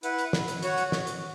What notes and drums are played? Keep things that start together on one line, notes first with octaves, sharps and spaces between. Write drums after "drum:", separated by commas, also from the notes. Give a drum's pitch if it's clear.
E4 B4 F#5, drum: hi-hat
drum: hi-hat
drum: snare
drum: hi-hat
F#4 C#5 F#5, drum: hi-hat
drum: hi-hat
drum: snare
drum: hi-hat